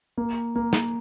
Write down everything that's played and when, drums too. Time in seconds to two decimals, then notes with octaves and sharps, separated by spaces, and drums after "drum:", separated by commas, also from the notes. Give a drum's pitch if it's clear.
0.18 A#3
0.56 A#3
0.73 drum: snare